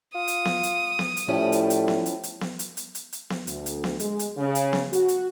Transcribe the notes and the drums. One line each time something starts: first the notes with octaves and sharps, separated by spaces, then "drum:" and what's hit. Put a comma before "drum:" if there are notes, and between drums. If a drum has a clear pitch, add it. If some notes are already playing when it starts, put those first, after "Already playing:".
F4 D#6
drum: hi-hat
drum: snare B3
drum: hi-hat
drum: snare B3
drum: hi-hat
A2 F3 G3 C#4 E4
drum: hi-hat
drum: hi-hat
drum: snare B3
drum: hi-hat
drum: hi-hat
drum: snare B3
drum: hi-hat
drum: hi-hat
drum: hi-hat
drum: hi-hat
drum: snare B3
D2, drum: hi-hat
drum: hi-hat
drum: snare B3
G#3, drum: hi-hat
drum: hi-hat
C#3
drum: hi-hat
drum: snare B3
F#4, drum: hi-hat
drum: hi-hat